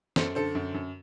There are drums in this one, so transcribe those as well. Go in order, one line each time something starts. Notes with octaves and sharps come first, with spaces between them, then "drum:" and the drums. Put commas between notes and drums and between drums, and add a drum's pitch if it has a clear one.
F#2 A4 C5, drum: snare
D3 A4 C5
F#2
F#2